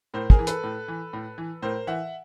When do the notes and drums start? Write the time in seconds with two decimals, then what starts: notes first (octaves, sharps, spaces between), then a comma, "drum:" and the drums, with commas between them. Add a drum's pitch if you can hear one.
0.14 A2 A#4 C5
0.30 G#4 A#4, drum: kick
0.39 E3
0.47 A4 B4, drum: hi-hat
0.63 A2
0.88 E3
1.13 A2
1.38 E3
1.62 A2 A#4 C5
1.87 E3 E5 F#5